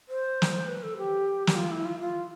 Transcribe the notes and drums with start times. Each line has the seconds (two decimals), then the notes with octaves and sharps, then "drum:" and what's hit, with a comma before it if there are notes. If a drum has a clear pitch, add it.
0.09 C5
0.42 drum: snare
0.68 B4
0.83 A4
0.98 G4
1.47 G4, drum: snare
1.56 F4
1.71 E4
1.86 F4
2.00 F4